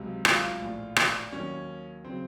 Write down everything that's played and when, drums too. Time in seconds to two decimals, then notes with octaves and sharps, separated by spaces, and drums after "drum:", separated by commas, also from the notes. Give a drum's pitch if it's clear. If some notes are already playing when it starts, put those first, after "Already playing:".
Already playing: C#2 C3 F#3
0.25 F4, drum: rim click
0.60 A#1 A2 F3
0.96 drum: rim click
1.32 D#2 D#3 F#3 C#4
2.04 C#3 F#3 C4